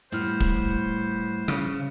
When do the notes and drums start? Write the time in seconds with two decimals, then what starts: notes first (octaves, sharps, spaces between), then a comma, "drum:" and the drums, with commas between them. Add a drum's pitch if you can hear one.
0.12 A2 G3 B3 E4 C5 F6
0.40 drum: kick
1.48 C#3, drum: rim click